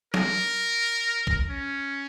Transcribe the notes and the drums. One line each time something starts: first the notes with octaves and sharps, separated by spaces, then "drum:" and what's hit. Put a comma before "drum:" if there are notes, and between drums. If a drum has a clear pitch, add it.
A#4, drum: snare
drum: kick
C#4